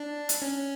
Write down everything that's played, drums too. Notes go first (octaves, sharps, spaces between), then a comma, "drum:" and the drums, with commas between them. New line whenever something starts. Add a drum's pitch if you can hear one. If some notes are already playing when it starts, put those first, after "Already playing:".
Already playing: D4
drum: hi-hat
C#4